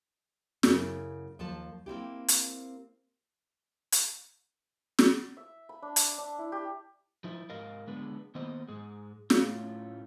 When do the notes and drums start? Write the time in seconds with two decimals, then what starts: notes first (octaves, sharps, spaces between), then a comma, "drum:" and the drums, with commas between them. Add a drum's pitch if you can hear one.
0.63 F#2 C#3 A3 E4, drum: snare
1.39 D#2 F3 A4 A5
1.86 A#3 C4 E4 G4
2.28 drum: hi-hat
3.92 drum: hi-hat
4.99 drum: snare
5.37 E5
5.69 B5
5.82 D4
5.96 drum: hi-hat
6.18 D4
6.39 E4
6.52 G4
7.24 F3 D#4 E4
7.50 G#2 A#4 D#5 F5
7.87 D3 G#3 B3
8.35 D#3 A#3 B3 C5 D#5
8.68 G#2 G#3
9.30 A2 A3 C#4 F4, drum: snare